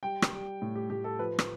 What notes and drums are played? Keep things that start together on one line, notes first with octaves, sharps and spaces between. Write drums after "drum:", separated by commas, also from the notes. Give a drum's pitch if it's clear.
G3 G5
drum: rim click
G3
A2
G4
A2 G4
A4
F3 B4
drum: rim click